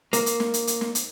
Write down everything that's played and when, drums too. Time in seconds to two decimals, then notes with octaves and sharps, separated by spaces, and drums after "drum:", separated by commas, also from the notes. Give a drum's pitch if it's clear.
0.13 A#3, drum: hi-hat
0.26 drum: hi-hat
0.40 drum: snare
0.54 drum: hi-hat
0.67 drum: hi-hat
0.81 drum: snare
0.95 drum: hi-hat